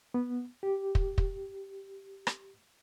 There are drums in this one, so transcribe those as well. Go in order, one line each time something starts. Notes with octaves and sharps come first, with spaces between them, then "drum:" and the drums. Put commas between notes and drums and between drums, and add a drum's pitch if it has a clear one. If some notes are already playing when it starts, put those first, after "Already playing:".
B3
G4
drum: kick
drum: kick
drum: rim click